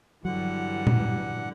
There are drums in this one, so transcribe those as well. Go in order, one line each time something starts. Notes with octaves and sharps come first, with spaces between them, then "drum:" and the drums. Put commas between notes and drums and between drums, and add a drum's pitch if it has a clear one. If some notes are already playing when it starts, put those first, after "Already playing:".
G2 D3 E3 F#3 G3 F#5
drum: tom